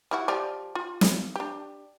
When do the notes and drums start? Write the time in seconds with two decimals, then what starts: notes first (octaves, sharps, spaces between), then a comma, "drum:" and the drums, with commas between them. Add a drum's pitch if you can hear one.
0.11 G3 E4 F#4
0.28 F3 G4 D5
0.75 F4
1.01 drum: snare
1.36 D4 G4